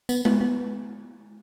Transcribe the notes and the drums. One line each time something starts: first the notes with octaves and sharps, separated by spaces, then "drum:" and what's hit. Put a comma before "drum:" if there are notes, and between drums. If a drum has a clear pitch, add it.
B3, drum: tambourine
B3, drum: tom G#3
B3